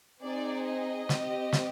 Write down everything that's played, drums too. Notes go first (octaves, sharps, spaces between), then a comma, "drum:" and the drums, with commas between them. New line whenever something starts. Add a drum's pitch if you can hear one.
C4 D#4 G#4 D5
D#5
C4 G4, drum: snare
drum: snare